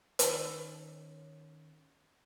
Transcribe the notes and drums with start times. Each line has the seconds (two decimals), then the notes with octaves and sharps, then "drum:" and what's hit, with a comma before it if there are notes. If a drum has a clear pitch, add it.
0.19 D#3 C#4, drum: hi-hat